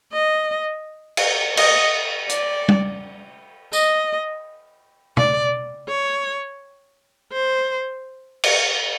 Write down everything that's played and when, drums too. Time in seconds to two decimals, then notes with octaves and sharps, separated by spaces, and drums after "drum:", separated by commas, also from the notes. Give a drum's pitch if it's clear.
0.13 D#5
1.17 drum: cymbal
1.57 D#5, drum: cymbal
2.29 D5, drum: hi-hat
2.69 drum: tom G3
3.73 D#5, drum: tambourine
5.17 D5, drum: tom
5.88 C#5
7.32 C5
8.44 drum: cymbal